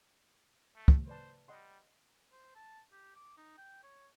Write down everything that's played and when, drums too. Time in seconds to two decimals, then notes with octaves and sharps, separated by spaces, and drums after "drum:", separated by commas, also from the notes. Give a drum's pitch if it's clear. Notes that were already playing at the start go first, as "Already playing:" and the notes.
0.75 A3
0.88 drum: kick
1.08 B4 C5 D5 A5
1.48 G3 D#5 F#5 C6
2.32 C5
2.56 A5
2.92 G4
3.15 D6
3.37 D#4
3.58 G5
3.84 C#5